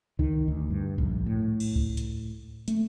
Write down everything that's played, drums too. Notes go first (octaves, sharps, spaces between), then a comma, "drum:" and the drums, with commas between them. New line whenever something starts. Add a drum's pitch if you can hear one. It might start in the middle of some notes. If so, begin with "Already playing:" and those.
D#3, drum: kick C#2
D2
G2
A#1, drum: kick C#2
A2
drum: cymbal
drum: kick C#2
drum: hi-hat
A3, drum: hi-hat